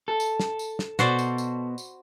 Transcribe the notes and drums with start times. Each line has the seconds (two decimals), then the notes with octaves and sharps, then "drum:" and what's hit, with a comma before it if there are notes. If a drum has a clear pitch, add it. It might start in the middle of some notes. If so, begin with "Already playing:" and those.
0.08 A4
0.20 drum: tambourine
0.40 drum: snare
0.59 drum: tambourine
0.79 drum: snare
0.99 B2 F#4 C5 D5, drum: snare
1.19 drum: tambourine
1.38 drum: tambourine
1.78 drum: tambourine